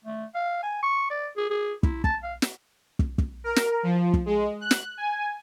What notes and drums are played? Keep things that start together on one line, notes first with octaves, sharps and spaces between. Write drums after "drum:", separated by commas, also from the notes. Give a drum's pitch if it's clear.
A3
F5
G#5
C#6
D5
G#4
G#4
E4, drum: kick
A5, drum: kick
F5
drum: snare
drum: kick
drum: kick
A#4
drum: snare
F3
drum: kick
G#3
F#6
drum: snare
G#5